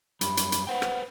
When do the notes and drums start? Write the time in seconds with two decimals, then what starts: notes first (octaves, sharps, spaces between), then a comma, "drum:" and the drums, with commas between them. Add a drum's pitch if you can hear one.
0.21 F#2 G3 B5, drum: hi-hat
0.37 drum: hi-hat
0.52 drum: hi-hat
0.67 B4 C5 F#5 G5
0.82 drum: rim click